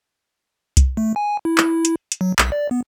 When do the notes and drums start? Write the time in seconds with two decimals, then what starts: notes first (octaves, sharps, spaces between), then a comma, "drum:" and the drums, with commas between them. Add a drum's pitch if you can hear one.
0.77 drum: kick C2, hi-hat
0.97 A3
1.16 G#5
1.45 E4
1.58 drum: clap
1.85 drum: hi-hat
2.12 drum: hi-hat
2.21 F#3
2.39 B1, drum: clap
2.52 D5
2.71 B3